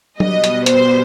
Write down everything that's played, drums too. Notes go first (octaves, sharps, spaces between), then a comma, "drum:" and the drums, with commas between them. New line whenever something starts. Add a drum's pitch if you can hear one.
B2 G3 B3 D#5, drum: tom F#3
drum: hi-hat
C5, drum: hi-hat